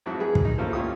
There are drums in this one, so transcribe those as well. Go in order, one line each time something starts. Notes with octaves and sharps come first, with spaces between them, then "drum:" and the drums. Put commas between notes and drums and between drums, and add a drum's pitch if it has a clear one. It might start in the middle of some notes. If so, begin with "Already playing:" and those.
F2 G#2 F#3 E4
G3 G#3 G#4 A#4 B4
drum: kick
D#4
A#3 C#4 E4 F4 A4 C5
A#2 C#4 F4 G4 D#6